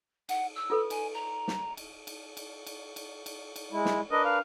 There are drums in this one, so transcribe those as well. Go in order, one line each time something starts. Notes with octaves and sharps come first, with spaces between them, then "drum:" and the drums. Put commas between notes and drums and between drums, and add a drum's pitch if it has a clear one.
F#5, drum: cymbal
E6
F4 A4 B4
G#5, drum: cymbal
A#5
drum: snare
drum: cymbal
drum: cymbal
drum: cymbal
drum: cymbal
drum: cymbal
drum: cymbal
drum: cymbal
G#3 E4
drum: snare
D4 A#4 B4 D#5
F5